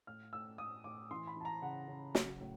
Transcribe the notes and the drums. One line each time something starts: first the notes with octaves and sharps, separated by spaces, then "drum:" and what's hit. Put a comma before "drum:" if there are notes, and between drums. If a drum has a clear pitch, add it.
A2 F6
A2 E6
A2 D#6
A2 D6
E3 C6
B5
E3 A5
A#5
C#3 F#5
C#3
F#3, drum: snare
A2